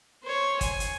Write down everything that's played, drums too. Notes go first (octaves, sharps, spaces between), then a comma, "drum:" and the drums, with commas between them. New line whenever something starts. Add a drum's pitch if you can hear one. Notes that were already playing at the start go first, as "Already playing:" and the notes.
C5 C#5
G#5, drum: kick, hi-hat
drum: hi-hat